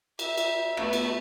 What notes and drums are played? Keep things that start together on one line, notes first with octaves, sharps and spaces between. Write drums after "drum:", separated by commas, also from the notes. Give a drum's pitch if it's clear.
E5, drum: cymbal
drum: cymbal
A3 B3, drum: rim click
drum: cymbal